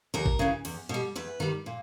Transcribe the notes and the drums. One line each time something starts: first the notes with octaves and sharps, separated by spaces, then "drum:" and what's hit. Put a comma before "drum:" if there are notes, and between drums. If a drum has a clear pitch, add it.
D#2 A#4
drum: kick A#1
C#3 E3
E2, drum: cymbal
B2 G3
E2 B4
D#3 G3
A#2